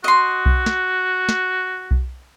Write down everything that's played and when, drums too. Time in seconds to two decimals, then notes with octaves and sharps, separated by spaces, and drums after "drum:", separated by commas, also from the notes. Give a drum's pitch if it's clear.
0.04 F#4 D#5 C6
0.46 drum: kick B1
0.66 drum: snare
1.29 drum: snare
1.91 drum: kick B1